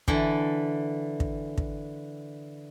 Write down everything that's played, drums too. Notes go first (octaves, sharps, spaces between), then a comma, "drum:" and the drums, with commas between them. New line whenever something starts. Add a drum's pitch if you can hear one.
D3 E3, drum: kick
drum: kick
drum: kick